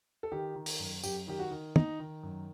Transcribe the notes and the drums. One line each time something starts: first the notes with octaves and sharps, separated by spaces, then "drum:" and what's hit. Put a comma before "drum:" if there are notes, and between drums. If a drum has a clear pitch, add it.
A4
D#3 G4
D#3
drum: open hi-hat
F#2
F#2 G4, drum: tambourine
D#3 G4
F#4
D#3
D#3 D#4, drum: tom
D#3
F#2